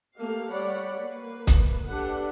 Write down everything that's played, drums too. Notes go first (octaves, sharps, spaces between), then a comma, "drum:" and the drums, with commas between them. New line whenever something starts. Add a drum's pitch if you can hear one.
A3 A#3 G4 A4 F5
G3 C#5 D5 F#5 B5
A#3 B4
drum: kick, hi-hat
D4 G4 A4 B4 F#5